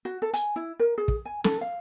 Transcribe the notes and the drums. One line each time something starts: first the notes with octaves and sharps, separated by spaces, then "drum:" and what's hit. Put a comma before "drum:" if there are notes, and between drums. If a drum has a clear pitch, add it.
F#4
A4
G#5, drum: hi-hat
E4
A#4
G#4
drum: kick
G#5
A4, drum: snare
F5